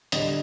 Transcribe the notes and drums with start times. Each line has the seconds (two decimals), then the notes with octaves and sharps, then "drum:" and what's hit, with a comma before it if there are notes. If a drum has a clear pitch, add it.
0.12 D3 G3 D#5, drum: hi-hat